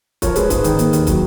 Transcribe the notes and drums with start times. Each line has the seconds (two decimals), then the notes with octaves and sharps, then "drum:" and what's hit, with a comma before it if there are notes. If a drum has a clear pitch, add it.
0.22 F3 A#4 C#5, drum: kick, hi-hat
0.36 G#3 G#4 B4, drum: hi-hat
0.50 G#2 G#4 B4, drum: kick, hi-hat
0.64 D#3, drum: hi-hat
0.79 A#3, drum: hi-hat
0.93 D#2, drum: hi-hat
1.07 F#3, drum: kick, hi-hat